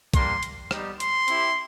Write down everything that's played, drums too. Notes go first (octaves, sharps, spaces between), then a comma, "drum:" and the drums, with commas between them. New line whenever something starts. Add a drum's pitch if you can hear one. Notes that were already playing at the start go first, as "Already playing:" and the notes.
G3 A#3 D4 C6, drum: kick, hi-hat
drum: hi-hat
G3 B3 D#4 G4, drum: rim click
C6, drum: hi-hat
C4 E4 G4, drum: hi-hat